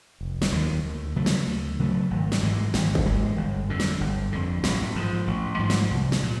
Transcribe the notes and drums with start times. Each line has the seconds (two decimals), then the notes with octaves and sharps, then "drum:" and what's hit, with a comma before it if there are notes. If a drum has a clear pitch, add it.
0.21 F1
0.42 drum: snare
0.52 D#2 D#3
0.84 D2
1.16 C#3 F#3 A3
1.26 drum: snare
1.47 D2
1.79 C#3 F#3 A3
2.11 G#1
2.32 drum: snare
2.43 G#2 E3 G#3
2.74 G#1, drum: snare
2.95 drum: kick
3.06 G#2 E3 G#3
3.37 G1
3.69 F2 D3
3.80 drum: snare
4.01 G1
4.32 F2 D3
4.64 A1, drum: snare
4.96 G#2 F3
5.27 A1
5.59 G#2 F3
5.70 drum: snare
5.91 C2
6.12 drum: snare
6.23 A#2